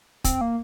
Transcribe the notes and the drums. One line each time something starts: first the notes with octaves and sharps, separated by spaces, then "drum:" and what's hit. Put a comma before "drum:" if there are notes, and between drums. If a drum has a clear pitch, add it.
C4, drum: kick, hi-hat
A#3